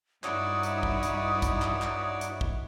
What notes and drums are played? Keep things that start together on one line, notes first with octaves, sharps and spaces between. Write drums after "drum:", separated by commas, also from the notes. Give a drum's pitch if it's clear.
G2 D#4 E4 F#4 C#5 D5 D#6, drum: clap
drum: hi-hat
drum: kick
drum: hi-hat
drum: kick, hi-hat
drum: clap
drum: clap
drum: hi-hat
drum: kick